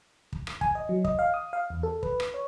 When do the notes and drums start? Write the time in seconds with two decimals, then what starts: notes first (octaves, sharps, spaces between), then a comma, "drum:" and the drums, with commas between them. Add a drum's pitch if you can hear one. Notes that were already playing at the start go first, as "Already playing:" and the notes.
0.32 drum: kick
0.47 drum: rim click
0.61 G#5, drum: kick
0.75 D#5
0.89 F#3
1.04 D#5, drum: kick
1.19 F5
1.34 D#6
1.53 F5
1.70 E2
1.83 A4
2.03 B4, drum: kick
2.20 drum: rim click
2.34 C#5